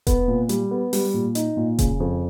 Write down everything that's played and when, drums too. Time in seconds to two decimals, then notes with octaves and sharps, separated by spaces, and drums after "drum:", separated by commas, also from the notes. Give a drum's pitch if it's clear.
0.07 B3, drum: kick E1, hi-hat
0.28 A#2
0.49 G3, drum: hi-hat
0.71 B3
0.93 G3, drum: open hi-hat
1.14 A#2
1.35 D#4, drum: hi-hat
1.57 A#2
1.79 C#3, drum: kick E1, hi-hat
2.00 F2